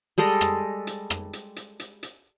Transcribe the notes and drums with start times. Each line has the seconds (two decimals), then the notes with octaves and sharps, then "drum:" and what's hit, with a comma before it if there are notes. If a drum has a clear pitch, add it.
0.18 G3 G#3 A4 D#5
0.41 drum: rim click
0.87 drum: hi-hat
1.10 drum: rim click
1.33 drum: hi-hat
1.56 drum: hi-hat
1.80 drum: hi-hat
2.03 drum: hi-hat